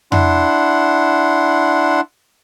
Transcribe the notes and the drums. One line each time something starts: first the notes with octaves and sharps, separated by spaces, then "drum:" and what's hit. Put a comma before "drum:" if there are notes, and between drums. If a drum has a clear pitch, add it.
D4 E4 F#5 C6, drum: tom F2